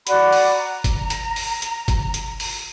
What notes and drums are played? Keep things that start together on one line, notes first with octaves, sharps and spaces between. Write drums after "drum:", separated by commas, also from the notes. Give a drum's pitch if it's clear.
F#4 D5 F#5 B5, drum: hi-hat
drum: open hi-hat
A#5
drum: kick F#1, hi-hat
drum: hi-hat
drum: open hi-hat
drum: hi-hat
drum: kick F#1, hi-hat
drum: hi-hat
drum: open hi-hat